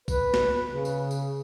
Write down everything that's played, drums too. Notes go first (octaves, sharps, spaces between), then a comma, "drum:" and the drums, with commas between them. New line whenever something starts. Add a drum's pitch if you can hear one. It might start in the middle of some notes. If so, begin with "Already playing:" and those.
B4, drum: kick, tambourine
drum: snare
C#3
drum: tambourine
drum: tambourine